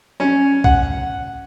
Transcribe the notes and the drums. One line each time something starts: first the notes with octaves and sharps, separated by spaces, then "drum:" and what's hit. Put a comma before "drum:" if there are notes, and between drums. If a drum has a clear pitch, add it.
C#4
F#5, drum: kick B1